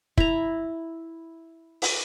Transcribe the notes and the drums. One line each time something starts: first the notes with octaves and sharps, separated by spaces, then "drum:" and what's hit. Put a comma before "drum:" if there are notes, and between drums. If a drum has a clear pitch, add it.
E4 A#5, drum: kick
drum: open hi-hat